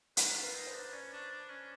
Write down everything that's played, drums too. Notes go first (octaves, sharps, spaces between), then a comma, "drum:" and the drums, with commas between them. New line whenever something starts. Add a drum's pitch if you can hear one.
A#4 B4, drum: hi-hat
F4
B4
D#4
C5
D4
C#4 D5
D4
D4
C#4